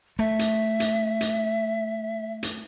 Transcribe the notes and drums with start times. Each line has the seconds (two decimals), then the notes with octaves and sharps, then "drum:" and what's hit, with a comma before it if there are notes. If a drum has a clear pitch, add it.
0.19 A3 E5
0.39 drum: hi-hat
0.80 drum: hi-hat
1.21 drum: hi-hat
2.43 drum: hi-hat